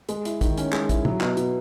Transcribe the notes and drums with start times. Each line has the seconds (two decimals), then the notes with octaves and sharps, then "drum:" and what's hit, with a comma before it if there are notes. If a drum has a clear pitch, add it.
0.09 G#3, drum: hi-hat
0.25 E4, drum: hi-hat
0.41 D#3, drum: kick, hi-hat
0.57 C#4, drum: hi-hat
0.73 G#3, drum: clap
0.89 E4, drum: kick, hi-hat
1.05 F#3, drum: tom
1.21 B2, drum: clap
1.37 B2, drum: hi-hat